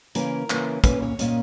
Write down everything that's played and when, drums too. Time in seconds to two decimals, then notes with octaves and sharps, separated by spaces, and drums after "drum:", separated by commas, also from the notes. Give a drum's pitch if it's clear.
0.15 C#3 E3 A#3 C#4 A#4, drum: hi-hat
0.50 C#3 E3 A#3 C#4, drum: clap
0.84 A#2 A#3 C#4 B4, drum: kick, hi-hat
1.02 C#5
1.19 A#2 A#3 C#4 D#5, drum: hi-hat